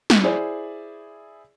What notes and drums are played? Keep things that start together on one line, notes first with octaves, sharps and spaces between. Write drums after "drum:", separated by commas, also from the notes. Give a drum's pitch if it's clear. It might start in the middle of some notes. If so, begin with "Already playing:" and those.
drum: snare
E4 G#4 C5 D5